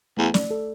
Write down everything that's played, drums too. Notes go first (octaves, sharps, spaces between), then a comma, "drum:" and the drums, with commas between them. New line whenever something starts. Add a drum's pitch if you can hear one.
E2 A3
D5, drum: snare
A4